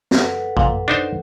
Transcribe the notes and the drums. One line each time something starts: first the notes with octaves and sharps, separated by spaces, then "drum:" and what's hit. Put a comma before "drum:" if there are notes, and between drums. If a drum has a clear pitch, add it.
A4 B4 F#5, drum: snare
A#2, drum: kick A1
D4 D#4 C5